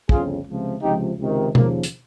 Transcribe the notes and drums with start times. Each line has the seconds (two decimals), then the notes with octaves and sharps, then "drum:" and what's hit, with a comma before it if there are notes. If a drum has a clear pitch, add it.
0.09 G1 F2 C#3 F4 G#4, drum: kick
0.46 C#2 C3 F3
0.82 C#2 C3 F3 D#4 G4
1.19 C#2 C3 D#3
1.55 D#2 C#3 F3 A#3, drum: tom B2
1.83 drum: hi-hat